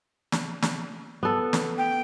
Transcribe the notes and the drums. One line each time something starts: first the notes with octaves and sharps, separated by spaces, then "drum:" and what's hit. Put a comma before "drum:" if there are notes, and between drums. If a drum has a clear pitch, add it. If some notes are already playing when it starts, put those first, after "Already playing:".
drum: snare
drum: snare
B3 A4
drum: snare
G5